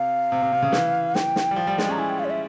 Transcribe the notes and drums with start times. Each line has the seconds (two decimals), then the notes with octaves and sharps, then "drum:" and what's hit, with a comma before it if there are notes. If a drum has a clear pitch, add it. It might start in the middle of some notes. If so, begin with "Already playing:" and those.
Already playing: C3 F5
0.32 C3
0.42 C3
0.52 C3
0.62 C#3
0.72 E3, drum: snare
1.15 G5, drum: snare
1.36 drum: snare
1.51 G3
1.56 F3
1.67 G3
1.78 G#3, drum: snare
1.88 C#4 A#5
1.98 E4 G#5
2.09 G5
2.19 F5
2.25 C#5
2.30 E5